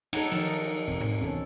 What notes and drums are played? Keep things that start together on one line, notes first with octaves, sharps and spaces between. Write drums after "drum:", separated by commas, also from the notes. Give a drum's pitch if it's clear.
F#3 D#4 A4 F#5 G#5, drum: cymbal
D#3 F3 D#4
E1 C4
G#2 G#3
C2 E3 B3 C#4 A4